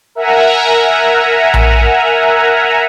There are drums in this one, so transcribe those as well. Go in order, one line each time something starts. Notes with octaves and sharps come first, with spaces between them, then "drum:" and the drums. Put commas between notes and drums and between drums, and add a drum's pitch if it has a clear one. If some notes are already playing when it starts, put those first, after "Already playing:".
A#4 E5 F#5 G#5 A#5
drum: tom A#1